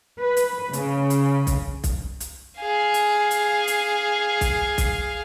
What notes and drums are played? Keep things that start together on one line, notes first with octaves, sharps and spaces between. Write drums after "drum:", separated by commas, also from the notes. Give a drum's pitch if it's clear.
B4
drum: hi-hat
C#3, drum: hi-hat
drum: hi-hat
drum: kick B1, hi-hat
drum: kick B1, hi-hat
drum: hi-hat
G#4 F5
drum: hi-hat
drum: hi-hat
drum: hi-hat
drum: kick B1, hi-hat
drum: kick B1, hi-hat